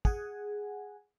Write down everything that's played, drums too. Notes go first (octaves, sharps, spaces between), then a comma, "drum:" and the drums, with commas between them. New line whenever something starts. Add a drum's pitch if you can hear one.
G#4 F#5 G#5, drum: kick